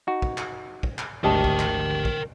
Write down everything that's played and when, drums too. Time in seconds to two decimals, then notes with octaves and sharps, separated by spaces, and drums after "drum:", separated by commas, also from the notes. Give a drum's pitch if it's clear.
0.07 D#4 F#4
0.22 drum: kick
0.38 drum: clap
0.83 drum: kick
0.99 drum: clap
1.24 G#1 D2 G4 A#4 D#5 G5 A5
1.44 drum: kick
1.59 drum: clap
2.05 drum: kick